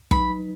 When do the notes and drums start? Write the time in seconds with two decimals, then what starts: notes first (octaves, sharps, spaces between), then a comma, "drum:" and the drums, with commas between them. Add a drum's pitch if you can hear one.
0.11 F#3 D#4 B4 B5, drum: kick